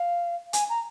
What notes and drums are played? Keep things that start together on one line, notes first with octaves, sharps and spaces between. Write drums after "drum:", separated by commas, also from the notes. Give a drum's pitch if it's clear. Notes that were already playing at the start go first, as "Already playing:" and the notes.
Already playing: F5
G#5, drum: hi-hat
A#5